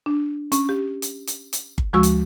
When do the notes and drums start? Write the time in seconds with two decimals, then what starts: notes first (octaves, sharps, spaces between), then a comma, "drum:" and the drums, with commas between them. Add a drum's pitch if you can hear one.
0.06 D4
0.52 C#4, drum: hi-hat
0.69 G4
1.02 drum: hi-hat
1.27 drum: hi-hat
1.53 drum: hi-hat
1.78 drum: kick G1
1.93 D2 F3 G#3 F#4 C#6 E6
2.03 drum: hi-hat